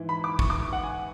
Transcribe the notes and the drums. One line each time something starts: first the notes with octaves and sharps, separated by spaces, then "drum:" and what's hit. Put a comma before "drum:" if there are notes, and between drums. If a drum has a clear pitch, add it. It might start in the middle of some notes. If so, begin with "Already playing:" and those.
Already playing: G#2 E3
B5
D6
C#6, drum: kick
D6
F#5
G#5